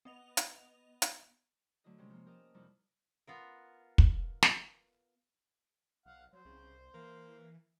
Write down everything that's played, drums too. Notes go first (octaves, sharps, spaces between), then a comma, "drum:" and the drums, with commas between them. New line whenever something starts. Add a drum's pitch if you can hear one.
B3 D#5 F7
drum: hi-hat
drum: hi-hat
D3 F#3 A3 E4 D#5
C3 G3 G#3 C#4
F3 A#3
G4 A#4 D#5 A5
F2 C3 F3 G3 D#4 E4
B3 F4 A#4
drum: kick
drum: snare
B1 F5 F#5
F#3 C5
C2 C#3
E3 A#3